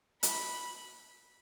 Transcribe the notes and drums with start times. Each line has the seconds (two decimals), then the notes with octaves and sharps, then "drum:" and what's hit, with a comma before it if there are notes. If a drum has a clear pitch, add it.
0.23 B5, drum: hi-hat